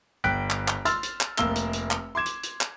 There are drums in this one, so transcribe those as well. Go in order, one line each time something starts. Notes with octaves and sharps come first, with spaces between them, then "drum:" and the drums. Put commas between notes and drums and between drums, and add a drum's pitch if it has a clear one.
G1 G5 F#6 B6 D7
drum: clap
drum: clap
C6 E6 F6 A6, drum: hi-hat
drum: hi-hat
drum: clap
F1 A#3 E6 G7, drum: clap
drum: hi-hat
drum: hi-hat
drum: clap
C6 D6 G#6 E7
drum: hi-hat
drum: hi-hat
drum: clap